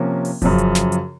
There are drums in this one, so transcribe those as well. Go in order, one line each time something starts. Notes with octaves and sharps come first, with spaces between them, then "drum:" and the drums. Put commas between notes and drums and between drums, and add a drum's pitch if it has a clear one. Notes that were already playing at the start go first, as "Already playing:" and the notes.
Already playing: C3 F3 A#3 C#4
drum: open hi-hat
F#2 C#3 F3, drum: kick E1, hi-hat
drum: hi-hat
drum: snare
drum: hi-hat